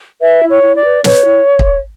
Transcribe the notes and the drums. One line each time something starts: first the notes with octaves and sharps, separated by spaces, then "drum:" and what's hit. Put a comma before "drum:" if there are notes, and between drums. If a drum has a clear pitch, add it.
B4 E5
E4
C#5
E4
D5
B4
B4 C#5, drum: snare
E4
drum: kick